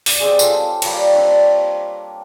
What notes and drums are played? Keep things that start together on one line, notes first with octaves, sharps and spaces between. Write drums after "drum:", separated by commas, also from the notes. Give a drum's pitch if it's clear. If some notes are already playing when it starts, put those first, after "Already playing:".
D5, drum: open hi-hat
G#3 C4 G4 G#4
F4 A4 C#5, drum: tambourine
G3 A#3 C#5, drum: cymbal
C4 D4 C#5